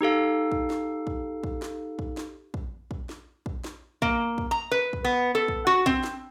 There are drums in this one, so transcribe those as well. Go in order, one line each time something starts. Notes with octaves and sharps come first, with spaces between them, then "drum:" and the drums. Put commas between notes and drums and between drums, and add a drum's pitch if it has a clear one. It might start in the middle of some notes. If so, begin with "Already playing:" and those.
D#4 G4 A4 F5
drum: kick
drum: snare
drum: kick
drum: kick
drum: snare
drum: kick
drum: snare
drum: kick
drum: kick
drum: snare
drum: kick
drum: snare
A#3, drum: kick
drum: kick
A#5
B4
drum: kick
B3
A4
drum: kick
F#4
C4, drum: kick
drum: snare